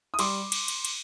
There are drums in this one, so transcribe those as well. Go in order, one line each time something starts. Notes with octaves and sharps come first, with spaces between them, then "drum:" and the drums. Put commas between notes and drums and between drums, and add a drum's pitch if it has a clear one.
D#6
G3 C6 D6, drum: cymbal
drum: cymbal
drum: cymbal
drum: cymbal